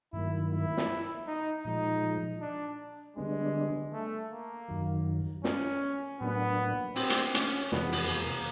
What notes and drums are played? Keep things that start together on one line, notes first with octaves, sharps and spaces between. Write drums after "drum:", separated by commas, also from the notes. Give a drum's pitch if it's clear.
G2 D#3 F#3 A#3 E4
E4
drum: snare
D#4
A#2 F3 G#3 D#4
D4
D3 G3 G#3 B3 D4
A3
A#3
F#2 D#3 F#3
C#4, drum: snare
A2 F#3 A#3 B3 D4
C4, drum: open hi-hat
drum: hi-hat
C#4, drum: hi-hat
F2 C3 E3 G#3 B3, drum: snare
drum: open hi-hat
A#3